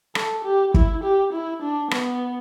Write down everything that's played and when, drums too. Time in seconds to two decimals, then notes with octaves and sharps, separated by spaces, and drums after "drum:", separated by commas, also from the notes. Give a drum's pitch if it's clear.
0.15 A4, drum: rim click
0.45 G4
0.74 E4, drum: kick
1.04 G4
1.33 E4
1.62 D4
1.91 B3, drum: rim click